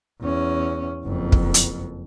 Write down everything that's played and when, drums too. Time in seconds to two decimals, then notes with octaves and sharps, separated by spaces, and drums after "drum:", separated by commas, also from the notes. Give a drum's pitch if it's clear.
0.21 E2 C#4
1.05 F#1 F2
1.32 drum: kick
1.54 drum: hi-hat